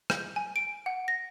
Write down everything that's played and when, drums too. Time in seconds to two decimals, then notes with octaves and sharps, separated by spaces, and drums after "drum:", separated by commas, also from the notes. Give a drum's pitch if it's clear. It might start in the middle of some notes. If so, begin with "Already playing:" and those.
0.10 G6, drum: rim click
0.36 G#5
0.56 D7
0.86 F#5
1.08 A#6